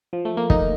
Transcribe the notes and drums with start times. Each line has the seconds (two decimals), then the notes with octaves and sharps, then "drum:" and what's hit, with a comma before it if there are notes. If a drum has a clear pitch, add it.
0.13 F3
0.25 A3
0.37 A#3
0.50 D#4, drum: kick